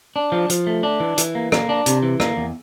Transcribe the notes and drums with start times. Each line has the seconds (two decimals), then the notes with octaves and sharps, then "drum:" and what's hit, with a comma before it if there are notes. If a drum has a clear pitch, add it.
0.16 D4
0.32 F3
0.50 F3, drum: hi-hat
0.67 A3
0.83 D4
1.00 E3
1.18 E3, drum: hi-hat
1.35 A#3
1.52 A#3, drum: rim click
1.69 D4
1.86 C3, drum: hi-hat
2.03 E3
2.20 A#3, drum: rim click
2.37 E2